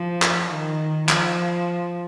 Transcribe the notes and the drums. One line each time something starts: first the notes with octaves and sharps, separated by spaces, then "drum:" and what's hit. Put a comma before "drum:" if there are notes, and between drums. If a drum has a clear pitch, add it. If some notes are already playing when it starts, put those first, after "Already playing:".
Already playing: F3
drum: clap
D#3
F3, drum: clap